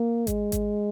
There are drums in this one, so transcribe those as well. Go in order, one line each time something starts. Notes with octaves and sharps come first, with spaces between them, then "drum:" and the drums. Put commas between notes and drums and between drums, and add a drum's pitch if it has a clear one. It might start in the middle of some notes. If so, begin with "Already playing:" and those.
Already playing: A#3
G#3, drum: kick G#1, hi-hat
drum: kick G#1, hi-hat